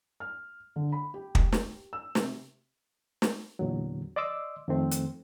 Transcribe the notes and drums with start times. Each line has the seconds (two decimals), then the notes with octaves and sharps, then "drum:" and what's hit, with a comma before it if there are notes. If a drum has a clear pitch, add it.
0.20 F6
0.76 D3
0.92 B5
1.14 G4
1.35 drum: kick
1.52 G4, drum: snare
1.93 E6
2.15 C3, drum: snare
3.22 drum: snare
3.59 E2 A#2 D3 F#3
4.16 D5 D#5 C6 D6 E6
4.68 F2 D#3 A3 C4
4.91 drum: hi-hat